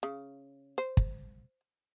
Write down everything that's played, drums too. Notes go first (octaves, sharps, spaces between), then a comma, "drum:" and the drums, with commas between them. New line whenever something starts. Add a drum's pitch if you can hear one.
C#3
C5
drum: kick